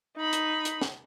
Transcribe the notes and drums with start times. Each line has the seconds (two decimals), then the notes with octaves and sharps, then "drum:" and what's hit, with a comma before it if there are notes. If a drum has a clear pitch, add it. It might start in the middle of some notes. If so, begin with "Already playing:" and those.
0.16 D#4 B5
0.33 drum: hi-hat
0.65 drum: hi-hat
0.81 drum: snare